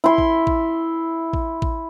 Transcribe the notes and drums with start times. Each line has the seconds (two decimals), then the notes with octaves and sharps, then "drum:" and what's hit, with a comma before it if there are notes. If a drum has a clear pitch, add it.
0.04 E4 C6
0.18 drum: kick
0.47 drum: kick
1.33 drum: kick
1.62 drum: kick